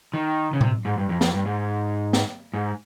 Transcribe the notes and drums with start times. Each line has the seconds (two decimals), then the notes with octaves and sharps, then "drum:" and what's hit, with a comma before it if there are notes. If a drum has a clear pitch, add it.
0.14 D#3
0.53 C#3
0.61 C3, drum: tom A2
0.85 G#2
0.98 G2
1.09 F2
1.21 F2, drum: snare
1.34 G2
1.46 G#2
2.13 drum: snare
2.54 G#2